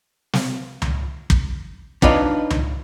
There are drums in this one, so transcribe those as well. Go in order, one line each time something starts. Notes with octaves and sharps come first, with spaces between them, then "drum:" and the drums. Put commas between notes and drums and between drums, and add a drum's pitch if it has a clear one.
drum: snare
drum: tom C#2
drum: kick
D4 D#4 F4 B4 C#5 D#5, drum: kick
drum: tom C#2